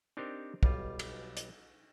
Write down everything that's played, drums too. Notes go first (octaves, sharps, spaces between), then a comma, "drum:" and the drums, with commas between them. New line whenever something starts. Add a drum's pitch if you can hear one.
C4 D4 D#4 G4 A#4 C5
B1 G3 F4, drum: kick
drum: cymbal
drum: hi-hat